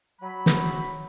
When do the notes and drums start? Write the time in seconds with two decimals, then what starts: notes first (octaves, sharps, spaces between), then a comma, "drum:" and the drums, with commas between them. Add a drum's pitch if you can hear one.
0.21 F#3 B5
0.46 drum: snare